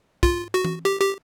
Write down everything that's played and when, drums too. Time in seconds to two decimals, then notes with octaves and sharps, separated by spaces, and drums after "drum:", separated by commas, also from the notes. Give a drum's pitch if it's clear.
0.23 F4, drum: kick
0.54 F#4
0.65 drum: tom E3
0.85 G4
1.01 G4